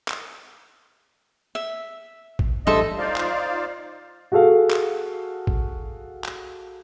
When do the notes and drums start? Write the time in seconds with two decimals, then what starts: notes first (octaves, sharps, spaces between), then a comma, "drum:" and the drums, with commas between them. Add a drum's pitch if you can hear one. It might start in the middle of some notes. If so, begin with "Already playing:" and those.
0.08 drum: clap
1.55 E5
2.39 drum: kick A1
2.67 A1 G3 D4 A4 C5 D#5 E5
2.98 D#4 F4 C5 D5 F5
3.16 drum: clap
4.32 F#4 G#4 A4 F5
4.70 drum: clap
5.47 drum: kick A1
6.24 drum: clap